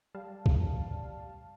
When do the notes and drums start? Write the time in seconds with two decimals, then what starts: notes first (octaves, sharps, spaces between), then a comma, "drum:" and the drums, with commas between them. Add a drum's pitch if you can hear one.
0.15 G3 F5 A5
0.46 drum: kick